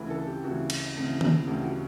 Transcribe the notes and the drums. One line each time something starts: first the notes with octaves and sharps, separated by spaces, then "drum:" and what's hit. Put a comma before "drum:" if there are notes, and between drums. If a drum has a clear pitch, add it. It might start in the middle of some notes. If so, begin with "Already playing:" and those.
Already playing: D2 C#3 E3 B4
A4
G4
D2 C#3 E3 F#4
drum: cymbal
D2 C#3 E3
drum: tom D#3
D2 C#3 E3 G4
F#4